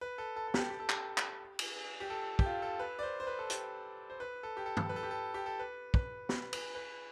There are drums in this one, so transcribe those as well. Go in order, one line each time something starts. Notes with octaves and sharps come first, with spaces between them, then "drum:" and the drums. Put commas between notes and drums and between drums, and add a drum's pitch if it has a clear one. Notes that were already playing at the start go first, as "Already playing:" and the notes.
B4
A4
A4
A4
G4, drum: snare
G4
A4
G4, drum: clap
drum: clap
drum: cymbal
G4
A4
G4, drum: kick
F4
A4
B4
D5
C5
C5
B4
A4
G4, drum: hi-hat
C5
B4
A4
G4
A4
drum: tom
B4
A4
G4
A4
G4
A4
B4
B4, drum: kick
B4, drum: snare
B4, drum: cymbal
B4